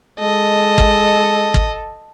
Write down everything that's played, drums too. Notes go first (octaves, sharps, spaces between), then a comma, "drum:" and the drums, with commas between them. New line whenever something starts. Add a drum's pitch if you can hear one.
G#3 A4 D#5
drum: kick
drum: kick